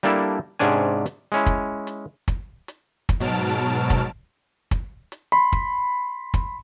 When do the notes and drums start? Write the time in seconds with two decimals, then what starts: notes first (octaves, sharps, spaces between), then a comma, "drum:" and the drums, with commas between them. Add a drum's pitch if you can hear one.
0.03 G3 A#3 D4 E4 A4
0.59 G#2 C3 C#4 D4 G#5
1.06 drum: hi-hat
1.32 G#3 C#4 E4
1.46 drum: kick, hi-hat
1.87 drum: hi-hat
2.28 drum: kick, hi-hat
2.68 drum: hi-hat
3.09 drum: kick, hi-hat
3.20 G#2 B2 F#3 A5 F6 D7
3.49 drum: hi-hat
3.90 drum: kick, hi-hat
4.71 drum: kick, hi-hat
5.12 drum: hi-hat
5.32 B5 C6
5.52 drum: kick
6.34 drum: kick, hi-hat